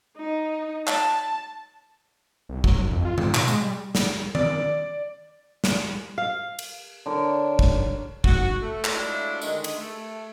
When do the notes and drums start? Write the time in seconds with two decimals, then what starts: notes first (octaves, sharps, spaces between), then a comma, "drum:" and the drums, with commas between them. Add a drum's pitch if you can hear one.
0.17 D#4
0.87 A5, drum: clap
2.49 C2
2.64 F#3, drum: kick
2.78 A#1
2.91 F2
3.05 F4
3.18 G#2, drum: tom D#3
3.34 B2, drum: clap
3.48 G#3, drum: tambourine
3.61 G3
3.95 drum: snare
4.35 D5, drum: tom D#3
5.64 drum: snare
6.18 F5
6.59 drum: cymbal
7.06 D3 A#4 C#5
7.59 drum: kick
8.24 F#4, drum: kick
8.61 A3
8.84 drum: clap
8.95 F#3 G#3 A3 D4 E4 F4
9.41 D3 D#3 G#3, drum: tambourine
9.64 drum: cymbal
9.76 A3